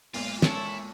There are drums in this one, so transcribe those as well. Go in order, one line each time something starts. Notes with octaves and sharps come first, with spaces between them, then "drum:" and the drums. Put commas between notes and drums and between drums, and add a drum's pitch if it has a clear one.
B1 A#2 G#3 F4, drum: open hi-hat
E4 A4 C#5, drum: snare